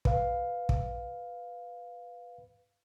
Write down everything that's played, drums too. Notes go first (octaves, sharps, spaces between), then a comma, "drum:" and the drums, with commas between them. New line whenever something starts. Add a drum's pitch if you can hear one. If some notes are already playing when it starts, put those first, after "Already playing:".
B4 F5, drum: kick
drum: kick